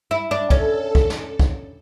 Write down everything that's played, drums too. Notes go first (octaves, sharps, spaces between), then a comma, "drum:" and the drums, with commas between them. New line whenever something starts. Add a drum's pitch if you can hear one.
E4
D4
C#4 A4, drum: kick
drum: kick
drum: snare
drum: kick